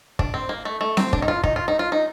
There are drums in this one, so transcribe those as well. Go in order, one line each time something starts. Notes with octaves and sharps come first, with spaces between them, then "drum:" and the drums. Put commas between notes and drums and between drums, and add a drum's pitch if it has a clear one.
D4, drum: kick
C4
A#3
A3
A3
C4, drum: snare C4
D4, drum: kick
D#4
F4
D#4, drum: kick
F4
D#4
F4
D#4